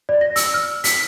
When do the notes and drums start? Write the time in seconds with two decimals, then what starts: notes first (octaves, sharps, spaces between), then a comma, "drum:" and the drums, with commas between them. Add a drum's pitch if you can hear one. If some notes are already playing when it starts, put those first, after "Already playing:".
0.09 D5
0.21 A#6
0.36 E6, drum: hi-hat
0.54 F6
0.84 B6, drum: hi-hat